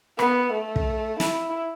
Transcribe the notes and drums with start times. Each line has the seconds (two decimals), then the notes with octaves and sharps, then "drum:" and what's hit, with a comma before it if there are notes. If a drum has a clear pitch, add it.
0.19 B3, drum: rim click
0.52 A3
0.76 drum: kick
1.20 E4, drum: snare